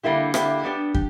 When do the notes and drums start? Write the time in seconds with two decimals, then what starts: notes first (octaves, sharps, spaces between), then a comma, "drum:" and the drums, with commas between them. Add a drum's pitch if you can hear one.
0.03 D3 G3 A#3 E4 G4
0.34 D3 G3 A#3 E4 G4, drum: rim click
0.63 G3 B3 D4 G4
0.94 G4, drum: kick